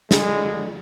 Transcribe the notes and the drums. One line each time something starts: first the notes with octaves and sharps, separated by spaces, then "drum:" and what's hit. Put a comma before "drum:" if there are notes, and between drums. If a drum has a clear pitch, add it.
D3 G#3, drum: snare